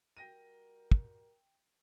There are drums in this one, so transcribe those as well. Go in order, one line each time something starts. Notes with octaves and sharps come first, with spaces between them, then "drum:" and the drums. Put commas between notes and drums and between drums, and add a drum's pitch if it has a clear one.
G3 F#4 A#4 G5 A#6 D#7
drum: kick